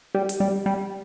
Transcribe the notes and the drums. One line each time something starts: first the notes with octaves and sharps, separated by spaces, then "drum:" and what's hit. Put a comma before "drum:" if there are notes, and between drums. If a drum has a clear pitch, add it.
G3
drum: hi-hat
G3
G3